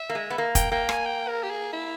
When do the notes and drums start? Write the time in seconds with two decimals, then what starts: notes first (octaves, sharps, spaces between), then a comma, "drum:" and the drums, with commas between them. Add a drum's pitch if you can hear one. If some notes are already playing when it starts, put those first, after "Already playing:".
Already playing: E5
0.10 A#3
0.15 G#3
0.30 B3
0.38 A#3
0.55 G5, drum: kick, hi-hat
0.72 A#3 G5
0.89 G#5, drum: rim click
1.06 G5
1.28 A#4
1.43 G4
1.50 G#4
1.73 E4